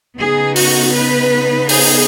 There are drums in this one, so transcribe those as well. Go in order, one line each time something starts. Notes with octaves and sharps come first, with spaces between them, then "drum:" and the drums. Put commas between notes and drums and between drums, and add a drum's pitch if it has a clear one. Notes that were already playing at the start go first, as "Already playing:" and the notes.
C#3 B3 D#4 G#4
F#4, drum: open hi-hat
B4
G#4, drum: open hi-hat